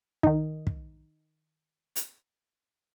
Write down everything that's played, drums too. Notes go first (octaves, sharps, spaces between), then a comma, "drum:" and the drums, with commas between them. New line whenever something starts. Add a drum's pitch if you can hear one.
D#3 D#4, drum: kick
drum: kick
drum: hi-hat